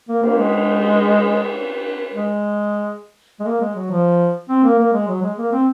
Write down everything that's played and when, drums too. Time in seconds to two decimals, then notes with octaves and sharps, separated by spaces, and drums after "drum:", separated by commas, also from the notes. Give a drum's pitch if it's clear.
0.09 A#3
0.23 A#3, drum: cymbal
0.38 G#3
2.14 G#3
3.39 G#3
3.46 A#3
3.61 G#3
3.75 F#3
3.91 F3
4.49 C4
4.64 A#3
4.78 A#3
4.93 G#3
5.08 F#3
5.23 G#3
5.38 A#3
5.52 C4